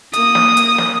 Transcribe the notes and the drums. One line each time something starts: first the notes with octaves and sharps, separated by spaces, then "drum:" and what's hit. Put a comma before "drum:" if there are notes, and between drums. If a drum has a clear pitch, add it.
A#3 D#6, drum: hi-hat
drum: snare
drum: hi-hat
drum: snare